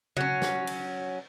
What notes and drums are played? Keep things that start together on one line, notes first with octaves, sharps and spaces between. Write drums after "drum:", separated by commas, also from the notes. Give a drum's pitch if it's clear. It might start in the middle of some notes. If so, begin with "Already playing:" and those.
F#3 C#4, drum: tom C#3
drum: snare
drum: cymbal